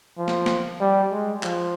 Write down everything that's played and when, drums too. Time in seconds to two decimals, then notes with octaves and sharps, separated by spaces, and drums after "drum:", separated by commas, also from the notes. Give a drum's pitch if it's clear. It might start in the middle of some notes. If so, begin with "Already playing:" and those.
0.18 F3
0.28 drum: snare
0.46 drum: snare
0.81 G3
1.12 G#3
1.43 F3, drum: clap